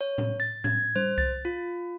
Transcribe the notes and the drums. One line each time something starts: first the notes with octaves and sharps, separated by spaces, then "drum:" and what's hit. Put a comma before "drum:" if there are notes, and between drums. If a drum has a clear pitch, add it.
C#5
drum: tom A2
A6
G#6, drum: tom A2
C5, drum: tom G3
A6, drum: kick C2
F4